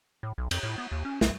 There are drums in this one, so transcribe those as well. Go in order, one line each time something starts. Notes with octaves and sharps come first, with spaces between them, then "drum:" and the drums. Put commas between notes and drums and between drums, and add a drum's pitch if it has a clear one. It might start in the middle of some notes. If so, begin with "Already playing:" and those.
A2
B1
F2, drum: cymbal
A2
B3
D#2
C#4
B1, drum: snare